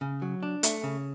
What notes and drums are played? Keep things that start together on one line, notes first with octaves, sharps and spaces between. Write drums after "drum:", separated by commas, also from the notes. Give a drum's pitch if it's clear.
C#3
F#3
D4
A3, drum: hi-hat
C#3